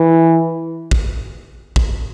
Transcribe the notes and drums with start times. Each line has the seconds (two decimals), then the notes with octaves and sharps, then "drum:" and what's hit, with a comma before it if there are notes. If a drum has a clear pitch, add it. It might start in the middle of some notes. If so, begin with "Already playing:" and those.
Already playing: E3
0.91 drum: kick
1.76 drum: kick